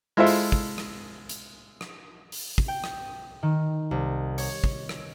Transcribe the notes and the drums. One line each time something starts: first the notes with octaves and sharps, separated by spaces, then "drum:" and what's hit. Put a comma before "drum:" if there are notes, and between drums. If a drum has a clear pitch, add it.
G#3 E4 F4 A4 C5 E5
drum: open hi-hat
drum: kick
drum: rim click
drum: hi-hat
drum: rim click
drum: open hi-hat
drum: kick
G5
drum: rim click
D#3
C2
C#5, drum: open hi-hat
drum: kick
drum: rim click